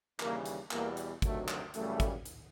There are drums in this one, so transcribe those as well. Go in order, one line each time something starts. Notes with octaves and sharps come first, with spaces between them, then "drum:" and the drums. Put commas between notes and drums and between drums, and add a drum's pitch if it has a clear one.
D#2 C#3 E3 G3 A#3, drum: clap
drum: hi-hat
E2 B2 G3 A#3, drum: clap
drum: hi-hat
D2 C3 D#3 F#3 A3, drum: kick, hi-hat
drum: clap
F#2 C#3 E3 G3 A3, drum: hi-hat
drum: kick, hi-hat
drum: hi-hat